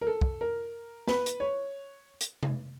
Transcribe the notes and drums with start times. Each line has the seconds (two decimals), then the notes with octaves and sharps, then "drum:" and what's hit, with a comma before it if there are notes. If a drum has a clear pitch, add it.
0.01 A#4
0.07 A4
0.21 drum: kick
0.41 A#4
1.08 B4, drum: snare
1.26 drum: hi-hat
1.40 C#5
2.21 drum: hi-hat
2.43 drum: tom C3